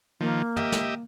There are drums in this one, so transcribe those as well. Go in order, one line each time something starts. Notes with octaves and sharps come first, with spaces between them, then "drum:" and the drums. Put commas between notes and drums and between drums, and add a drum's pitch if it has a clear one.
D#3 F3 A#3
G4 D#5 E5, drum: tom
drum: snare